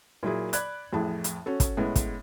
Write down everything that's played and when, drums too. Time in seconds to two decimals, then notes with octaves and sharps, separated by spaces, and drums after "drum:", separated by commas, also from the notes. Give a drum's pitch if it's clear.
0.23 A#2 F#3 E4 G#4
0.53 D5 B5 F#6 G#6, drum: hi-hat
0.92 A1 F2 A2 G#4 A5
1.24 drum: hi-hat
1.46 C#4 F#4 A4
1.60 drum: kick, hi-hat
1.77 A2 G#3 B3 C#4
1.96 drum: kick, hi-hat